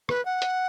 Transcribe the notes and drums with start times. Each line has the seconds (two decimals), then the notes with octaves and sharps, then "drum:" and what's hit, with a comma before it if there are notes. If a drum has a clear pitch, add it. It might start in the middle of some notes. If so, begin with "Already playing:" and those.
0.09 B4, drum: rim click
0.25 F#5
0.42 drum: hi-hat